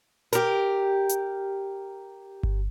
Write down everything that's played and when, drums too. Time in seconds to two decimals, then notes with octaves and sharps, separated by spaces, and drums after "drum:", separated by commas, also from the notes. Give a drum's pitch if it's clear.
0.33 G4 A#4, drum: hi-hat
1.09 drum: hi-hat
2.43 drum: kick G1